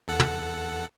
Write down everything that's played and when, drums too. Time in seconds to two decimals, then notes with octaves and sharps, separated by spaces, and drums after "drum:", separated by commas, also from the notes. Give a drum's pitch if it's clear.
0.08 E2 A4 F#5
0.20 drum: tom